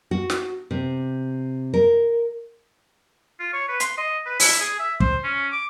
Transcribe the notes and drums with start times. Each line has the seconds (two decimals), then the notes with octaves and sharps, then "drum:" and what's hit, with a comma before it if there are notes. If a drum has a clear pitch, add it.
0.11 F#4
0.30 drum: snare
0.71 C3
1.74 A#4
3.39 F4
3.53 C#5
3.68 B4
3.80 C6, drum: hi-hat
3.97 D#5
4.26 B4
4.40 E4, drum: open hi-hat
4.60 G#4
4.79 E5
5.00 C5, drum: kick
5.24 C#4
5.52 D6